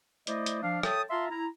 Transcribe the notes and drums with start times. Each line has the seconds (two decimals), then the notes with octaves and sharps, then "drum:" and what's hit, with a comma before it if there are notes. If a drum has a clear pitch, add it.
0.27 A3 E4 C5 D5 D#5, drum: hi-hat
0.46 drum: hi-hat
0.62 F3 D4 F5
0.83 A4 C#5 E5 G5 A5 D#6, drum: rim click
1.10 F4 E5 F5 A5 A#5 C6
1.29 E4 A#5